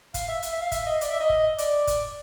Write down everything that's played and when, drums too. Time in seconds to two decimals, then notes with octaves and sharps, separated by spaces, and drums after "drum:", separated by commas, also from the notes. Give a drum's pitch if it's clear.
0.14 F5, drum: kick, hi-hat
0.28 E5
0.43 drum: hi-hat
0.52 E5
0.61 F5
0.72 E5, drum: kick, hi-hat
0.86 D#5
1.01 D5, drum: hi-hat
1.10 E5
1.20 D#5
1.29 drum: kick
1.58 D5, drum: hi-hat
1.87 drum: kick, hi-hat